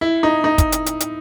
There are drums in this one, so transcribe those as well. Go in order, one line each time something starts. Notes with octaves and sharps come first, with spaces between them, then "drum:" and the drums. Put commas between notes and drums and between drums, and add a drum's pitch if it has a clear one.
E4
D#4
D#4
drum: kick, hi-hat
drum: hi-hat
drum: hi-hat
drum: hi-hat